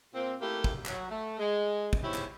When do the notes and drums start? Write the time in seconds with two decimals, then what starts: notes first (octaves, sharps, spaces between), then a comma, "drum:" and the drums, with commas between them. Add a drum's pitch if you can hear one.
0.13 A#2 A#3 C4
0.40 A3 A#3 E4 G4
0.64 drum: kick
0.86 F#3, drum: clap
1.09 A3
1.38 G#3
1.93 drum: kick
2.02 E2 G#2 E4 G4 C#5
2.14 drum: clap